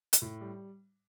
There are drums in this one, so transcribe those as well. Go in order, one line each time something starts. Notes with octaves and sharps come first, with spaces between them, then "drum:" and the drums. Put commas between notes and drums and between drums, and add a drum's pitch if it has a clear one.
drum: hi-hat
A2
G3